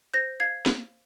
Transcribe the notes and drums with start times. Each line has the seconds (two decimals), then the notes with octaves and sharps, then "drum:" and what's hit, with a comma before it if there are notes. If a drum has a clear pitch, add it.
0.14 C5 G6 A#6
0.40 F5 G#6 C7
0.66 drum: snare